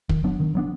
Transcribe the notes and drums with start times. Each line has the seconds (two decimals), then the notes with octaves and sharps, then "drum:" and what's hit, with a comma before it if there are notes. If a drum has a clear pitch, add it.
0.09 D#3, drum: kick
0.24 F#3 B3 D4
0.40 D#3
0.55 F#3 B3 D4